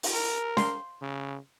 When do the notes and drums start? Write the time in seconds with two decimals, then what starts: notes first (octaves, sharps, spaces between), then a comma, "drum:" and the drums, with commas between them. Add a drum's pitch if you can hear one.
0.03 drum: open hi-hat
0.14 A#4
0.57 C6, drum: snare
1.02 C#3